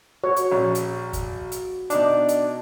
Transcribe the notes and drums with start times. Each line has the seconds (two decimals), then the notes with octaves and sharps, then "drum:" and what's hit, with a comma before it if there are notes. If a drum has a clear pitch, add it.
0.24 F#4 C#5
0.36 drum: hi-hat
0.51 A#1 C#4
0.75 drum: hi-hat
1.13 drum: kick, hi-hat
1.52 drum: hi-hat
1.90 B2 D4 D#4 D6, drum: hi-hat
2.28 drum: hi-hat